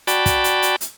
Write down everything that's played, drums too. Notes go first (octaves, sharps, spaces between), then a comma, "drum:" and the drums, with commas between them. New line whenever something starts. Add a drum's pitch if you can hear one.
F#4 D5 G5 A5 B5, drum: hi-hat
drum: kick, hi-hat
drum: hi-hat
drum: hi-hat
drum: hi-hat